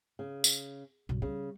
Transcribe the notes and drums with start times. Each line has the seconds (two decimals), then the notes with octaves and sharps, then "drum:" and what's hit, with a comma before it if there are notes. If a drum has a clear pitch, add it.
0.19 C#3
0.44 drum: tambourine
1.09 B1 G2
1.22 C#3 G3